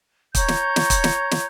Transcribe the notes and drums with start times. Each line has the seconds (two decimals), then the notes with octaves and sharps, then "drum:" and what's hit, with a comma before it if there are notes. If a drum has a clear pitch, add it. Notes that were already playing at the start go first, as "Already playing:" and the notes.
0.35 C#5 A#5 C#6 G6, drum: kick, hi-hat
0.48 drum: snare
0.76 drum: snare
0.90 drum: kick, hi-hat
1.04 drum: snare
1.31 drum: snare